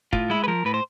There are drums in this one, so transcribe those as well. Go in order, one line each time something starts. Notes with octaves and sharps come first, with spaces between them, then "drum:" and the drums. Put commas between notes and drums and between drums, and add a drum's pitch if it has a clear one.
A2 F4, drum: kick
G#3 E4
B4
F3 A#4
A2 B4
C5